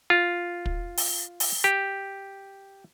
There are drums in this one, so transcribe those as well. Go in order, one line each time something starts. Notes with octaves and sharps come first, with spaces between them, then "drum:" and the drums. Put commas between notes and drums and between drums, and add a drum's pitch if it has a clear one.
F4
drum: kick
drum: open hi-hat
drum: open hi-hat
G4